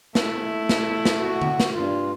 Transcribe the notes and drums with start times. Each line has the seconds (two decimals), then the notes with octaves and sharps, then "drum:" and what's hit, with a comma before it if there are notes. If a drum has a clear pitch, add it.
0.15 A3 E4, drum: snare
0.69 drum: snare
1.05 drum: snare
1.20 F#4
1.42 drum: tom D3
1.60 drum: snare
1.74 G2 F4